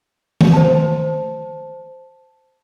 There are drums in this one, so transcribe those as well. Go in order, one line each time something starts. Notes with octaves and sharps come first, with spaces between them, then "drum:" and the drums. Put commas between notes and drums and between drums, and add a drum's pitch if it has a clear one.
drum: tom D#3
C5 A5